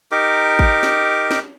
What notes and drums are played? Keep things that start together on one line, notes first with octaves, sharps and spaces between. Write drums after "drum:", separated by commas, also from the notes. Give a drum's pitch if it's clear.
D#4 G4 A#4 D6
drum: kick G#1
drum: snare
drum: snare